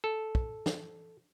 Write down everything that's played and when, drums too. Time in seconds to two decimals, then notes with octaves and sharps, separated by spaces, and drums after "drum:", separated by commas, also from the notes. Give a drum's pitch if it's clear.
0.04 A4
0.35 drum: kick
0.66 drum: snare